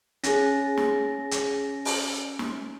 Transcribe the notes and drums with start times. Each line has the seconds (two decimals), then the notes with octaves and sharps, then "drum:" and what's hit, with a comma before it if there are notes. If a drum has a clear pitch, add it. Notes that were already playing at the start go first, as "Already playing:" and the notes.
0.24 C#4 G#4 A6 A#6, drum: hi-hat
0.77 drum: snare
1.31 drum: hi-hat
1.85 drum: open hi-hat
2.39 drum: snare